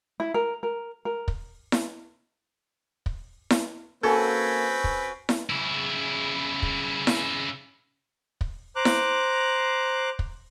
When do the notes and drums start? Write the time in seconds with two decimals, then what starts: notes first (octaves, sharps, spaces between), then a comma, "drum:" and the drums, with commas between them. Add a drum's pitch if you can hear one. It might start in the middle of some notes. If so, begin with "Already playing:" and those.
0.20 E4
0.34 A#4
0.63 A#4
1.05 A#4
1.28 drum: kick
1.72 drum: snare E4
3.06 drum: kick
3.50 drum: snare E4
4.03 A#3 C4 C#4 F#4 A4 B4 G#5
4.84 drum: kick
5.29 drum: snare E4
5.50 C#3 E4
6.62 drum: kick
7.07 drum: snare E4
8.41 drum: kick
8.76 C5 A#5 D6 F#6
8.85 drum: snare E4
10.19 drum: kick